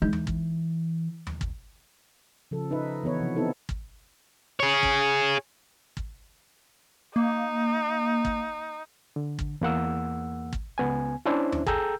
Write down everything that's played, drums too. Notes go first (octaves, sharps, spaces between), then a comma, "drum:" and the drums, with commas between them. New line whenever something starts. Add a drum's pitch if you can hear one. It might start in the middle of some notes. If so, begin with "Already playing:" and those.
E3 G#3 D#4 G6
drum: tom D#2
drum: kick
drum: tom D#2
drum: kick
C#3 F3 A4
D#4 B4 E5
E3 B3 B4 C#5
C3 F3
B3 C4 D#4 E4 A4
drum: kick
G#4 C#5
drum: kick
drum: kick
A#3 D#4
drum: kick
D3
drum: kick
E2 A#3 F#5 E6
drum: kick
C#2 B3 G#5
C#4 D4 E4 C5 E5
drum: tom D#2
G#4 A4 G5 A#5 E6 G6, drum: kick